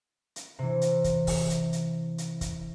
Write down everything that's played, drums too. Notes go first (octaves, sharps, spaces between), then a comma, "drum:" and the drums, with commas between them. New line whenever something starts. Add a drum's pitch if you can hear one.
drum: hi-hat
C3 E3
drum: hi-hat
drum: kick, hi-hat
drum: kick, open hi-hat
drum: hi-hat
drum: hi-hat
drum: hi-hat
drum: kick, hi-hat